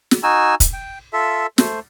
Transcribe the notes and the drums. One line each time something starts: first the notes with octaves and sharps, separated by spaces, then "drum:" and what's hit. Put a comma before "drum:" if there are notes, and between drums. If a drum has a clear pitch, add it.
drum: snare
D#4 F#4 G#5 E6
drum: kick, hi-hat
G5
F4 A4 E5
A3 C5, drum: snare